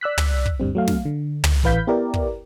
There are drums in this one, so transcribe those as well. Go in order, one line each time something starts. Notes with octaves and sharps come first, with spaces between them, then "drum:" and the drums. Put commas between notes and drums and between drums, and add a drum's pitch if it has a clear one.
D5 E6 F#6 B6
drum: tom
drum: kick
D2 G2 G3 C4
F#3 A3 F5
drum: snare
D3
drum: tom
A1 E3 B4 F5 G6 B6
B3 E4 G4 A#4 D5
drum: kick